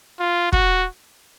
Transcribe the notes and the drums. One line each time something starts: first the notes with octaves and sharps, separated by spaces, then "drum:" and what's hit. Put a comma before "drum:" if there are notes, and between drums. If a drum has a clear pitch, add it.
F4
F#4, drum: kick